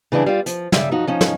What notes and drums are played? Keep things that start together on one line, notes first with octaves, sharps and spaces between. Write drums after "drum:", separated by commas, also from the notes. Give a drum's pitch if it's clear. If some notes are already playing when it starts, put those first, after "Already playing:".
C#3 E3 G3 D4 G#4
G3 F4
F3, drum: hi-hat
C#3 G3 E5, drum: snare
F3 D#4 F#4
F3 C#4 D#4
drum: snare